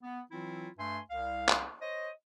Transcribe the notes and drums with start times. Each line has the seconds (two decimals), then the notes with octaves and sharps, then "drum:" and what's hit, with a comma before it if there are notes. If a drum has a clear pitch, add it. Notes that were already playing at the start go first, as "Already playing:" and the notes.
0.03 B3
0.32 E3 F#3 C4 E4 F4
0.79 G2 A3 E5 G#5 C6
1.11 C2 F5
1.49 drum: clap
1.82 C5 C#5 D#5